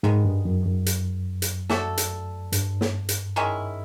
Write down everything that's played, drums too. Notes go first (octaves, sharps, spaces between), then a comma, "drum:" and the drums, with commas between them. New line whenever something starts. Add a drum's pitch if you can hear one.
G#2 D#3 G#3 B3
G2
F#2
F#2
drum: hi-hat
drum: hi-hat
A3 D4 F#4 A4, drum: snare
drum: hi-hat
G2, drum: hi-hat
drum: snare
drum: hi-hat
D#3 G#3 C#4 E4